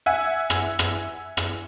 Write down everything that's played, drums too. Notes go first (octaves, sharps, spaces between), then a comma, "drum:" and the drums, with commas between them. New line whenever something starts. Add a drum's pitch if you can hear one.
E5 F#5 G#5
drum: rim click
drum: rim click
drum: rim click